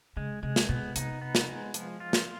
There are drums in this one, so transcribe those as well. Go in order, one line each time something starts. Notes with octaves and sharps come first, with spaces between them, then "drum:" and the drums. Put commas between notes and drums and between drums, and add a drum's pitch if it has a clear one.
C#3 G#3
C3 G#3
drum: snare
B2 B3
C3 D#4, drum: hi-hat
B3
drum: snare
G#3
F3, drum: hi-hat
F4
drum: snare